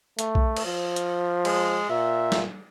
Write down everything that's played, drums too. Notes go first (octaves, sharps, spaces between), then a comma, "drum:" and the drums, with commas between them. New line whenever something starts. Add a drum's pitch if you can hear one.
A3, drum: hi-hat
drum: kick B1
drum: cymbal
F3
drum: hi-hat
G#3, drum: cymbal
A#2 E5
drum: snare